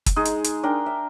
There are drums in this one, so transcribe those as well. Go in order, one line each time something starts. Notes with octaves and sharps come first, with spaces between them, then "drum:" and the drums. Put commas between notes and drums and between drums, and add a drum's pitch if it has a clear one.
drum: kick, hi-hat
G#3 D#4 G#4
drum: hi-hat
drum: hi-hat
D4 A#4 G5
E5